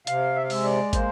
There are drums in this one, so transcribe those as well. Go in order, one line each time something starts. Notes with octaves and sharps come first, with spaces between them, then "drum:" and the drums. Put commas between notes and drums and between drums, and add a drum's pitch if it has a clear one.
C3 F5, drum: hi-hat
E5
F5
G#3 E5, drum: open hi-hat
D5
A#3 C5, drum: kick, hi-hat